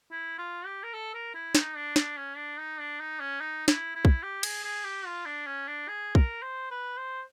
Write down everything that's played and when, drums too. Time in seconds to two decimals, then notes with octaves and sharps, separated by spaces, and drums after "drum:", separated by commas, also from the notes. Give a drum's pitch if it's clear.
0.11 E4
0.38 F4
0.66 G4
0.83 A#4
0.93 A4
1.14 A#4
1.34 E4
1.55 D#4, drum: snare
1.75 D4
1.96 D4, drum: snare
2.17 C#4
2.37 D4
2.58 D#4
2.79 D4
3.00 D#4
3.20 C#4
3.40 D#4
3.68 E4, drum: snare
3.95 E4
4.05 drum: kick
4.23 G4
4.43 G#4, drum: cymbal
4.64 G#4
4.84 G4
5.06 F4
5.26 D4
5.46 C#4
5.68 D4
5.88 G#4
6.15 A#4, drum: kick
6.42 C5
6.71 B4
6.98 C5